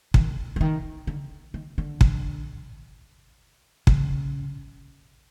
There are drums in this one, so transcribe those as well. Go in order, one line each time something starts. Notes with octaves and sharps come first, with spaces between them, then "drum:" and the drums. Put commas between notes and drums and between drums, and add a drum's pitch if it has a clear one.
D#3, drum: kick
E3
D#3
D3
D#3
D3
drum: kick
C#3, drum: kick